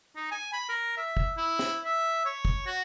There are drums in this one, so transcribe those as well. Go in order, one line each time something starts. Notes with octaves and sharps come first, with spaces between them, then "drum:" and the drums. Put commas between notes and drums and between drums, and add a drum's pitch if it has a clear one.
D#4
G#5
B5
A#4
E5
drum: kick
E4
drum: snare
E5
C#5
drum: kick
F#4